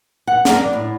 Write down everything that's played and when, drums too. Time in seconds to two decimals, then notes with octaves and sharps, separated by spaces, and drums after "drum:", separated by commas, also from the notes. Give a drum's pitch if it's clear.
0.27 F#5
0.45 A#3, drum: snare
0.60 D4
0.73 A2